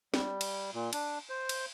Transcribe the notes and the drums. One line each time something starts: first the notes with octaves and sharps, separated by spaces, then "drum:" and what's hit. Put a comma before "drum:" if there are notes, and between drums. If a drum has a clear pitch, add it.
G3, drum: snare
drum: cymbal
A#2
D4, drum: cymbal
C5
drum: cymbal